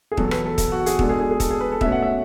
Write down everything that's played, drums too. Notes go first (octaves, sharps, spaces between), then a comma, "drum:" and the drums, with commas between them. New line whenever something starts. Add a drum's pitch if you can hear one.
G#4
E2 B2 F#3 A4, drum: kick
B4, drum: rim click
A4
A4, drum: kick, hi-hat
F#4
G#4, drum: hi-hat
B2 G#3 D4 A4, drum: kick
G#4
G#4
G#4
A4, drum: kick, hi-hat
G#4
B4
A4
B2 A3 C#4 E5, drum: kick
F#5
E5